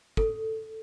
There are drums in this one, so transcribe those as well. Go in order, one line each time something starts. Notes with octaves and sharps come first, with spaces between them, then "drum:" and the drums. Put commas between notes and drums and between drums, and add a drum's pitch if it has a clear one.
A4, drum: kick